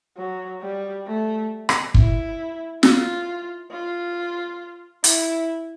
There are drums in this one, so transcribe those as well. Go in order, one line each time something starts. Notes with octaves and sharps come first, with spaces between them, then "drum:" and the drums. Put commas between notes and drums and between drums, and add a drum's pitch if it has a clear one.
F#3
G3
A3
drum: rim click
E4, drum: kick
F4, drum: snare
F4
E4, drum: hi-hat